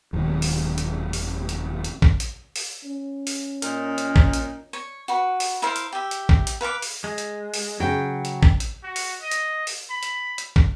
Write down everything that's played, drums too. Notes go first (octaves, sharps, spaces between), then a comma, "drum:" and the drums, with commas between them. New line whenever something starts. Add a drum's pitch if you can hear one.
D#1 B1 G#2 D#3
drum: open hi-hat
drum: hi-hat
drum: open hi-hat
drum: hi-hat
drum: hi-hat
drum: kick
drum: hi-hat
drum: open hi-hat
C#4
drum: open hi-hat
A#2 D#4 A#4, drum: hi-hat
drum: hi-hat
drum: kick
drum: hi-hat
C#5
F#4 B4
drum: open hi-hat
E4 A#4 C5 F5
drum: hi-hat
G4 E5
drum: hi-hat
drum: kick
drum: hi-hat
B4 F5 C#6 D6
drum: open hi-hat
G#3
drum: hi-hat
drum: open hi-hat
C#3 F#3 G5
drum: hi-hat
drum: kick
drum: hi-hat
F#4
drum: open hi-hat
D#5
drum: hi-hat
drum: open hi-hat
B5
drum: hi-hat
drum: hi-hat
drum: kick